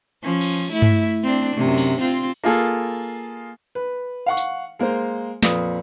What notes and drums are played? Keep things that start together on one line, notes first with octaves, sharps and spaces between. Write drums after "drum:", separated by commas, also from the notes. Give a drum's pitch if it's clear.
F3 C#4
drum: cymbal
A3 E4
drum: tom G2
C4 D4
F#2 C3
drum: cymbal
C4 F4
A#3 F4 G#4 A4
B4
F5 F#5 C#6
drum: tambourine
G#3 A#3 A#4 C5
F2 A#2 B4 D#6, drum: snare